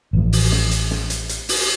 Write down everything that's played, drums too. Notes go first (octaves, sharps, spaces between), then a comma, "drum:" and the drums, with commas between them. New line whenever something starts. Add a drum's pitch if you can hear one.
A1 F3
drum: open hi-hat
drum: snare
drum: hi-hat
drum: snare
drum: hi-hat
drum: hi-hat
drum: open hi-hat